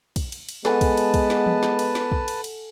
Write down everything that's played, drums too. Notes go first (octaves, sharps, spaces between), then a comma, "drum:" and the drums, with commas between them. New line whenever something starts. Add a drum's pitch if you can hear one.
drum: kick, cymbal
drum: cymbal
drum: cymbal
G#3 B3 A4 B4 F#5 G#5 A5, drum: snare
drum: kick, cymbal
drum: cymbal
drum: kick, cymbal
drum: snare
drum: tom E3
drum: snare
drum: cymbal
drum: snare
drum: kick
drum: cymbal
drum: cymbal